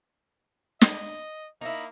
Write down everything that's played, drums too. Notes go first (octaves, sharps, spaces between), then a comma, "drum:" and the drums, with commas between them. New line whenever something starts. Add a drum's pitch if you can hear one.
D#5, drum: snare
A#3 D#4 E4